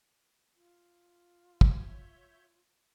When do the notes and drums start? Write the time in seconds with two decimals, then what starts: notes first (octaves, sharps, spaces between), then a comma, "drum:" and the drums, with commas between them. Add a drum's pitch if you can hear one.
0.54 F4
1.61 C#5 E5 G6, drum: kick